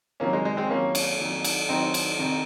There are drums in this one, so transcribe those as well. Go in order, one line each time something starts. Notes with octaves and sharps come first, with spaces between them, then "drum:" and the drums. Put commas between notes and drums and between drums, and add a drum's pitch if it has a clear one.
F2 D#3 F#3 A#3 C#4
G#3
G#3
G#3 C4
F2 D#3 F#3 A#3 C#4
drum: cymbal
F2 D#3 F#3
drum: cymbal
F2 D#3 F#3 C4 D#4
drum: cymbal
F2 C3 D#3